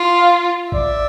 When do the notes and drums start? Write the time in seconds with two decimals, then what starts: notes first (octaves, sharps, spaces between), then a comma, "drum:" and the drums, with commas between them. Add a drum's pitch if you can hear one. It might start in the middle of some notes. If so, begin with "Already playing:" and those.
Already playing: F4
0.16 F5
0.72 D5 E5, drum: kick G#1